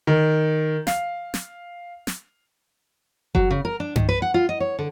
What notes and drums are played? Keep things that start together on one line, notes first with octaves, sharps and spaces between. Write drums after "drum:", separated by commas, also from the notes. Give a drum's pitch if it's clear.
D#3
F5, drum: snare
drum: snare
drum: snare
F#3, drum: kick F#1
C#3
A#4
D4
D#3, drum: tom G2
B4
F#5
F4
D#5
C#5
D3